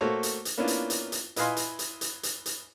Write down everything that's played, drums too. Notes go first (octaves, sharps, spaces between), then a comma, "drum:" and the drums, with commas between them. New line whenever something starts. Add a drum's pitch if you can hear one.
A3 A#3 F#4 A4 C5 C#5
drum: hi-hat
drum: hi-hat
A#3 B3 C#4 D4 E4 F4
drum: hi-hat
drum: hi-hat
drum: hi-hat
E4 B4 D#5 F5 G#5 C6, drum: hi-hat
drum: hi-hat
drum: hi-hat
drum: hi-hat
drum: hi-hat
drum: hi-hat